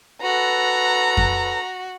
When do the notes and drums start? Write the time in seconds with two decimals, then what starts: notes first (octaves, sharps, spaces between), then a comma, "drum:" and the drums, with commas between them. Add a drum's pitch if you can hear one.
0.22 F#4 A4 B4 A#5
1.17 drum: kick F2